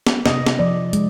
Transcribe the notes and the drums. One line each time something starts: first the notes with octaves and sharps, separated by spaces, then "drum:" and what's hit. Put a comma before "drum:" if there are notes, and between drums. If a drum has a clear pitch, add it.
drum: snare
C3 D#5, drum: snare
drum: snare
F3 D5
G#3, drum: hi-hat